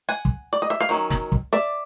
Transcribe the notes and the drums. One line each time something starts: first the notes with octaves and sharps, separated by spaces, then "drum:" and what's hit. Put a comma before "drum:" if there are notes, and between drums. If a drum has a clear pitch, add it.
F#5 G#5
drum: kick
D5
D#5
E5
F5
D#3 F#3 C#4
drum: snare
drum: kick
D5 E5